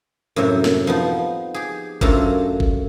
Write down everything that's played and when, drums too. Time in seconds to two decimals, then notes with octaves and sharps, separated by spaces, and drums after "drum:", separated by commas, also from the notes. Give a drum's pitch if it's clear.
0.36 F#2 A2 C3 G3
0.64 drum: snare
0.87 F3 B3 D#4
1.54 G4 G#4
2.01 F#2 A3 C4 D4 F4 A#5, drum: kick G1
2.60 drum: kick G1